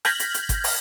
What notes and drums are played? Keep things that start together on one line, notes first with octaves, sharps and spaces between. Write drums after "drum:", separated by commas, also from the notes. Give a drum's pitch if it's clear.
F6 G6 G#6 A#6 B6 F#7, drum: rim click
drum: hi-hat
drum: hi-hat
drum: kick G1, hi-hat
drum: open hi-hat